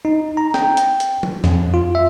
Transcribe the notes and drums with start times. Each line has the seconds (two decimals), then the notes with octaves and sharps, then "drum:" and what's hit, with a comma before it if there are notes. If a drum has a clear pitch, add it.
0.05 D#4
0.37 A#5
0.54 G5, drum: snare
0.77 drum: hi-hat
1.00 drum: hi-hat
1.23 drum: tom F3
1.44 F2, drum: snare
1.74 F4
1.95 E5